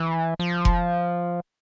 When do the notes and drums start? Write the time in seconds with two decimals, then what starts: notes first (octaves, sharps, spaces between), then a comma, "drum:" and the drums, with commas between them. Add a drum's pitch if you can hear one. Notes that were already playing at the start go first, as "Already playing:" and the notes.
Already playing: E3
0.39 F3
0.65 drum: kick F1